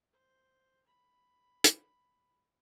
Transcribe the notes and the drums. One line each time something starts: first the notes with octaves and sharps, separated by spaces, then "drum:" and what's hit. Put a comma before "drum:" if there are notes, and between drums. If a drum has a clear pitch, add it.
C5
B5
drum: hi-hat